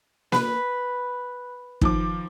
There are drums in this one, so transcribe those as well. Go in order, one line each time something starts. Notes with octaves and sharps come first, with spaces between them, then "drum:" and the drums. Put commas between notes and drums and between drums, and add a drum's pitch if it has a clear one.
B4, drum: snare A#3
D#3 F3 D6, drum: kick